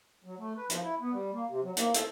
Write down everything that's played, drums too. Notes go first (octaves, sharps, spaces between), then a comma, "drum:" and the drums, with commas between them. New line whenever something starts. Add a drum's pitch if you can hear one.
F#3
A3
B4
F3, drum: hi-hat
E4
B3
G3
A#3
C3
F#3
A#3, drum: hi-hat
A4, drum: hi-hat